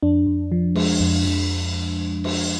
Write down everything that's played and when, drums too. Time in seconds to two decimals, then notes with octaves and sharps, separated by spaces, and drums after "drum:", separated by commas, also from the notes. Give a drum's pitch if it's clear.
0.03 F2 D4
0.26 F2
0.52 F3
0.76 G#3, drum: cymbal
1.00 F2
1.25 F2
2.24 drum: cymbal